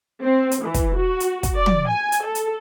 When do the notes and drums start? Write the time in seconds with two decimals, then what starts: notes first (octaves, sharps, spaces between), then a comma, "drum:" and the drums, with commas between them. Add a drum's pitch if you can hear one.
0.22 C4
0.51 drum: hi-hat
0.63 E3
0.74 drum: kick, hi-hat
0.97 F#4
1.20 drum: hi-hat
1.43 drum: kick, hi-hat
1.57 D5
1.66 drum: tom
1.88 G#5
2.12 drum: hi-hat
2.24 A4
2.35 drum: hi-hat